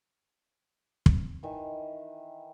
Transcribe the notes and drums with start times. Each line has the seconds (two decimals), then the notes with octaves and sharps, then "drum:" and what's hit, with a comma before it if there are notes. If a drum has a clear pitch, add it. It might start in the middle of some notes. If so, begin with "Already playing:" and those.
1.06 drum: kick
1.43 D#3 E3 E5 C#6